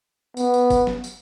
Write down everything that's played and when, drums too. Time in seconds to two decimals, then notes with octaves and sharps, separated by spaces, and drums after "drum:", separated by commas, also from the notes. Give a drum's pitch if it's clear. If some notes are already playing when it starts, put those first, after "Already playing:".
0.37 B3, drum: tambourine
0.54 drum: tambourine
0.70 drum: kick F#1, tambourine
0.87 drum: snare
1.04 drum: tambourine